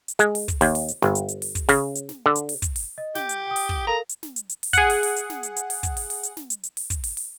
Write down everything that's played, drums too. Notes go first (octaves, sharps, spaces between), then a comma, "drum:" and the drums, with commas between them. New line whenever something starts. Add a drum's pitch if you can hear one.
drum: hi-hat
G#3, drum: hi-hat
drum: open hi-hat
drum: kick, hi-hat
D#2, drum: open hi-hat
drum: open hi-hat
drum: hi-hat
G1, drum: snare
drum: hi-hat
drum: hi-hat
drum: open hi-hat
drum: kick, hi-hat
C#3, drum: open hi-hat
drum: hi-hat
drum: snare
D3
drum: hi-hat
drum: open hi-hat
drum: kick, hi-hat
drum: open hi-hat
D#5
G4 G6, drum: snare
drum: hi-hat
G5 D#6
drum: open hi-hat
drum: kick
A4 A#4 F5 A#5
drum: hi-hat
drum: snare
drum: hi-hat
drum: hi-hat
drum: open hi-hat
G#4 F#5, drum: kick, hi-hat
drum: open hi-hat
drum: open hi-hat
drum: hi-hat
drum: snare
drum: hi-hat
drum: hi-hat
drum: open hi-hat
drum: kick, hi-hat
drum: open hi-hat
drum: open hi-hat
drum: hi-hat
drum: snare
drum: hi-hat
drum: hi-hat
drum: open hi-hat
drum: kick, hi-hat
drum: open hi-hat
drum: open hi-hat